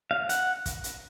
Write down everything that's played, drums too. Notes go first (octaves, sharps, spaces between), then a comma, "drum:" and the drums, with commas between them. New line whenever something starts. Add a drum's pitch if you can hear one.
F5
F#5, drum: hi-hat
drum: kick, hi-hat
drum: hi-hat